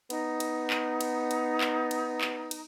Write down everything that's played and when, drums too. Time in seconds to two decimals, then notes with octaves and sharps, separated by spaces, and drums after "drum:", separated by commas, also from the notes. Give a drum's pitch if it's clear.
0.10 B3 D#4, drum: cymbal
0.40 drum: cymbal
0.70 drum: clap
1.01 drum: cymbal
1.31 drum: cymbal
1.61 drum: clap
1.91 drum: cymbal
2.21 drum: clap
2.51 drum: cymbal